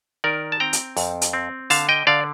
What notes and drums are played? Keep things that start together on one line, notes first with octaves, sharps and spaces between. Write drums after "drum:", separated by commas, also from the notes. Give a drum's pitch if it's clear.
D#3 A#4 D5
A5
C4 G5 A#5
drum: hi-hat
F2, drum: open hi-hat
drum: hi-hat
C4
D3 F5 A5, drum: open hi-hat
D#5 G5
D3 D5 F5